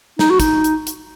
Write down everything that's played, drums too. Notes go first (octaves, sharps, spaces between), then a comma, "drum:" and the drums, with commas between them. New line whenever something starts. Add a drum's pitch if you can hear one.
D#4, drum: snare
F#4
D#4, drum: kick, hi-hat
drum: hi-hat
drum: hi-hat